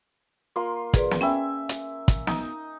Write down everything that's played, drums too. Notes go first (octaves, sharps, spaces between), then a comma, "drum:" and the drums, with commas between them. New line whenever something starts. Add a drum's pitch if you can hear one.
A#3 F4 C6
G#4 B4 D5, drum: kick, hi-hat
drum: snare
C#4 E5 G5 G#5 B5
drum: hi-hat
drum: kick, hi-hat
D#4, drum: snare